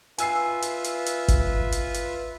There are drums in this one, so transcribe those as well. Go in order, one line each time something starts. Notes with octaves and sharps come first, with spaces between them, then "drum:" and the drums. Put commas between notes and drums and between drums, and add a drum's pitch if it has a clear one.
F4 B4 E5 G#5 E6 C7, drum: hi-hat
drum: hi-hat
drum: hi-hat
drum: hi-hat
drum: kick G#1, hi-hat
drum: hi-hat
drum: hi-hat